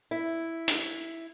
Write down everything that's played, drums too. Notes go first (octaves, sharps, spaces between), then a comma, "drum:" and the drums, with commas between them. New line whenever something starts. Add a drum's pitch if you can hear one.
E4
drum: hi-hat